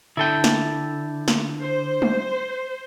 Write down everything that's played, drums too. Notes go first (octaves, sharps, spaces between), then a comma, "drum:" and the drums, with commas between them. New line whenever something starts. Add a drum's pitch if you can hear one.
D3 E4 A4 G5
drum: snare
drum: snare
C5
drum: tom